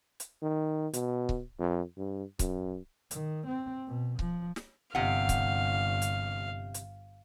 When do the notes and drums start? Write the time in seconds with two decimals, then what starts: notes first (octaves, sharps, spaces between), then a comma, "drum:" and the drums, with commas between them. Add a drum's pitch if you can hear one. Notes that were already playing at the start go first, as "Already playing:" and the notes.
0.20 drum: hi-hat
0.42 D#3
0.93 B2, drum: hi-hat
1.29 drum: kick C#1
1.59 F2
1.97 G2
2.39 F#2, drum: kick C#1, hi-hat
3.11 D#3, drum: hi-hat
3.47 C4
3.87 B2
4.19 F3, drum: kick C#1
4.56 drum: snare
4.95 G1 C3 F5 F#5
5.29 drum: kick C#1, hi-hat
6.02 drum: hi-hat
6.74 drum: hi-hat